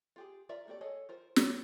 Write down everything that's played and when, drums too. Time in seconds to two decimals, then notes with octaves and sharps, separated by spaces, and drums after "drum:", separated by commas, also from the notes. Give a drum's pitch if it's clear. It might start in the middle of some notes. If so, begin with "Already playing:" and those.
0.16 F4 G4 G#4
0.49 F4 A#4 D5 E5 A#5
0.67 A3 A#3 F#4 G4 D5
0.81 G#4 A4 C#5 D#5
1.09 F4 A#4 C5
1.36 G3 F4 G4 B4 C#5, drum: snare